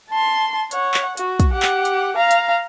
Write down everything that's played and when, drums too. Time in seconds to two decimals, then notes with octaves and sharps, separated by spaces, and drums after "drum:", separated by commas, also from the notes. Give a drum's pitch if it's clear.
0.10 A5 C6
0.71 C#5 F#5, drum: hi-hat
0.94 drum: clap
1.17 F#4, drum: hi-hat
1.40 drum: kick, hi-hat
1.53 G4 F#5
1.62 drum: clap
1.85 drum: hi-hat
2.16 F5 A#5
2.31 drum: hi-hat